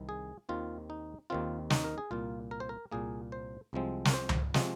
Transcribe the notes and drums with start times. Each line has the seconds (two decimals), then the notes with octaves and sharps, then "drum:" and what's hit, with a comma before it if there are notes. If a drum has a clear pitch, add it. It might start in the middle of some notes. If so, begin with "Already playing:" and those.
Already playing: C2 C3 D#3
0.09 G#4
0.49 D#2 D#3 C4 F4
0.90 D#4
1.30 D#2 D#3 C4 F4
1.70 D#4, drum: snare
1.84 A#4
1.98 G#4
2.11 C2 A#2 A#3 F4
2.51 A#4
2.60 C5
2.69 A#4
2.92 C2 A#2 A#3 G#4
3.32 C5
3.73 C2 C3 F3 G#3 C4
4.05 A#4, drum: snare
4.14 C5
4.29 drum: tom C#2
4.54 C3 F3 G#3 C4 D#5, drum: snare